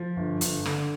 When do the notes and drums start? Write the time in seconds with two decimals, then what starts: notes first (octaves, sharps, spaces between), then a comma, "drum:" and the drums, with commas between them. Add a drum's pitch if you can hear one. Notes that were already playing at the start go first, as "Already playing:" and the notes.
Already playing: F3
0.17 G1
0.41 G1, drum: hi-hat
0.66 D3, drum: rim click